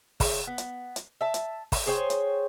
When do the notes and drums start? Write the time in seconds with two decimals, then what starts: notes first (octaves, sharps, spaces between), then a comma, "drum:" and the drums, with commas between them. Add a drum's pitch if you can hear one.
0.20 C#3 E4, drum: kick, open hi-hat
0.47 B3
0.58 drum: hi-hat
0.96 drum: hi-hat
1.21 E5 A5
1.34 drum: hi-hat
1.72 drum: kick, open hi-hat
1.86 G#4 C5 C#5 G5
2.10 drum: hi-hat